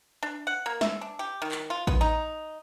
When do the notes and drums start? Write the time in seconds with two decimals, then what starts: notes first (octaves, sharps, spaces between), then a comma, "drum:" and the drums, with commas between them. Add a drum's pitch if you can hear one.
0.23 D4
0.47 F#5
0.66 A#3
0.81 E5, drum: snare
1.01 D4
1.19 G4
1.42 D#3
1.52 drum: clap
1.70 F4
1.87 B3, drum: kick A1
2.01 D#4